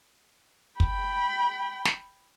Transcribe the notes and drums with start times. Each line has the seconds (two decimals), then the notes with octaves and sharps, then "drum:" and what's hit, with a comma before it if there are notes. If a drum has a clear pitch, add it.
0.80 G5 B5, drum: kick
1.85 drum: snare